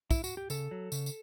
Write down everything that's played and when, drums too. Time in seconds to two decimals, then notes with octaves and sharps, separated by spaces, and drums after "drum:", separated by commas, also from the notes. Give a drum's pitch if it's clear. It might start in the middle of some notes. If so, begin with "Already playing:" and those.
0.11 E4, drum: kick, tambourine
0.24 F#4, drum: tambourine
0.37 G4
0.50 C#3 A4, drum: tambourine
0.71 F#3
0.92 C#3, drum: tambourine
1.06 drum: tambourine